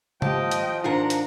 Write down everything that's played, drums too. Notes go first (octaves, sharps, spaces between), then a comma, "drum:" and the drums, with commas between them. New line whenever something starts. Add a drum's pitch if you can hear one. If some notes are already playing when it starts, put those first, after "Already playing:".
D#2 G#2 F3 G4 D#5 G5 A5, drum: tom C#3
drum: hi-hat
G#2 D#3 D4 F4 F#5 A#5
drum: hi-hat